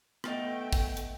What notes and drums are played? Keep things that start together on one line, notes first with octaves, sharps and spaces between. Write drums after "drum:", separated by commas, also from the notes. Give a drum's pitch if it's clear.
A3 B3 D#5 G5, drum: rim click
drum: kick, open hi-hat
drum: hi-hat